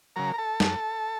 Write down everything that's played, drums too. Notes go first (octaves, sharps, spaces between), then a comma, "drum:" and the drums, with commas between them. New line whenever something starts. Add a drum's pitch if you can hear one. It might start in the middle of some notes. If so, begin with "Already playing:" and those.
C#3 F#3 A#4 A#5
A#5
A4 A5
F#2, drum: snare